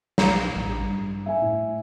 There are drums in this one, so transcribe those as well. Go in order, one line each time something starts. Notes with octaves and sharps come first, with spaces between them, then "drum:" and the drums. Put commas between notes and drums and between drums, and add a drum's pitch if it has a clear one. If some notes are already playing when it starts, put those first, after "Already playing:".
B1 A#5, drum: snare
A1
G2
E5 G#5
A2